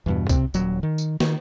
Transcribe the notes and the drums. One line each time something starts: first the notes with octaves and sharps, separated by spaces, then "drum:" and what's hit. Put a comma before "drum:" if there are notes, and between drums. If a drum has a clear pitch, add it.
E2 G2 B2
C3 C4, drum: kick C2, tambourine
D#1 F#3, drum: tambourine
D#3
drum: tambourine
D#3, drum: snare